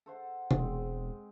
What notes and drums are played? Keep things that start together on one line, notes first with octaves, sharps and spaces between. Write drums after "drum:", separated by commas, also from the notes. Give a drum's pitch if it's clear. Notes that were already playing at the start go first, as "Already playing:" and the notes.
A4 C5 F#5
E1 G#3 C4, drum: tom C3